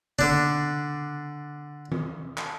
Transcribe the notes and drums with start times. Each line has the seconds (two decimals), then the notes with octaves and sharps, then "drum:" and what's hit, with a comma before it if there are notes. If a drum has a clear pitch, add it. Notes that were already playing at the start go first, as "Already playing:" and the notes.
0.19 D3 D4, drum: tom C#3
1.92 drum: tom D#3
2.38 drum: clap